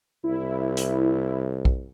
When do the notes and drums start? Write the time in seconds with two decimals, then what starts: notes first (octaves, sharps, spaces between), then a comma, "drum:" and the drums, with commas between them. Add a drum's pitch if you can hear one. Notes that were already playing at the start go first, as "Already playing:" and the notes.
0.24 C2 E4
0.77 drum: hi-hat
1.65 drum: kick